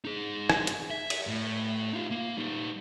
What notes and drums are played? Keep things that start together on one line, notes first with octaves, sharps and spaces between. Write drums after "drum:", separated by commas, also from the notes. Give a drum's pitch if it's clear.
D#4 G#4
drum: rim click
drum: hi-hat
E5
drum: cymbal
A2
D#4 F4
A#3
G3 D#4